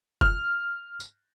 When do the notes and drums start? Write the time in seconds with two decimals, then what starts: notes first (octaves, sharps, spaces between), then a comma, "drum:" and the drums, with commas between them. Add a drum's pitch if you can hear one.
0.21 F6, drum: kick
1.00 drum: tambourine